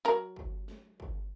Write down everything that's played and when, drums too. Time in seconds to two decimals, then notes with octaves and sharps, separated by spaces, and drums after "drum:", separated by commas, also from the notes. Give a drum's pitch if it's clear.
0.05 F#3 A#4
0.36 drum: kick G1
0.68 drum: snare
1.00 drum: kick G1